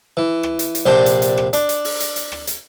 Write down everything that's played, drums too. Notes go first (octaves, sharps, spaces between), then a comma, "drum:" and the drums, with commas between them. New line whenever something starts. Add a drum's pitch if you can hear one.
E3
drum: rim click
drum: hi-hat
drum: hi-hat
A#1 C3 D4 C5 A5
drum: hi-hat
drum: hi-hat
drum: rim click
D4, drum: hi-hat
drum: hi-hat
drum: open hi-hat
drum: hi-hat
drum: hi-hat
drum: rim click
drum: hi-hat